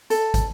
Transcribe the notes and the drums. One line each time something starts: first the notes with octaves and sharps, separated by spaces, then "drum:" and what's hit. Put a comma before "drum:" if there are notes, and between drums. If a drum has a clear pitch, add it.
A4, drum: hi-hat
drum: kick, hi-hat